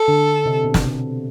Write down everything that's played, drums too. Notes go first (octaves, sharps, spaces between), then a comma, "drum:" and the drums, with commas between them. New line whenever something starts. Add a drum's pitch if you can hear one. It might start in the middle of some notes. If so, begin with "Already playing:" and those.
Already playing: A4
D3
C3
B2
drum: snare
C3